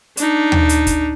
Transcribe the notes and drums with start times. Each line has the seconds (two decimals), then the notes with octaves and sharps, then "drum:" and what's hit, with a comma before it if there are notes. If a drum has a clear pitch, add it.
0.17 D4 D#4, drum: hi-hat
0.52 drum: tom
0.69 drum: hi-hat
0.87 drum: kick, hi-hat